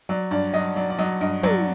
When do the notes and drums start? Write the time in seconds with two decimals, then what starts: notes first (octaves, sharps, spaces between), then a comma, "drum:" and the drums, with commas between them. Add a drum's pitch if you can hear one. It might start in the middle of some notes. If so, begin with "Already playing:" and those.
0.09 F#3 D5
0.31 G2 D5
0.54 F#3 D#5
0.76 F#3 D5
0.90 D5
0.98 F#3 D#5
1.21 G2 D#5
1.43 F#3 D5, drum: tom